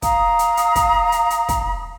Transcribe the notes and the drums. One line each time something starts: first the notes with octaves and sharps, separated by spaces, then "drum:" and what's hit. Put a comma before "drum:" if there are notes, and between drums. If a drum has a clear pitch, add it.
F5 A#5 D#6, drum: kick, hi-hat
drum: hi-hat
drum: hi-hat
drum: kick, hi-hat
drum: hi-hat
drum: hi-hat
drum: kick, hi-hat